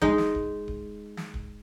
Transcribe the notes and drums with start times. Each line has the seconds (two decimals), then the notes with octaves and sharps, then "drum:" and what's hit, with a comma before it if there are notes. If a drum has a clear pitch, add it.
0.02 G#3 D#4, drum: kick D1
0.18 drum: snare
0.35 drum: kick D1
0.68 drum: kick D1
1.17 drum: snare
1.34 drum: kick D1